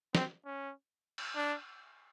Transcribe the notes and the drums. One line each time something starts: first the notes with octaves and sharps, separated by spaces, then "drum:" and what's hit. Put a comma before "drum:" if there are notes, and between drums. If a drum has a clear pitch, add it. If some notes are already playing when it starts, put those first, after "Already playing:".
C4, drum: snare
C#4
drum: cymbal
D4